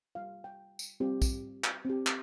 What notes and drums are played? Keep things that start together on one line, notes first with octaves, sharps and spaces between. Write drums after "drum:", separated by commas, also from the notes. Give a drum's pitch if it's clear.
G3 F4 F5
G5
drum: tambourine
G3 C4 F4 G4
drum: kick, tambourine
drum: clap
C4 G4
drum: clap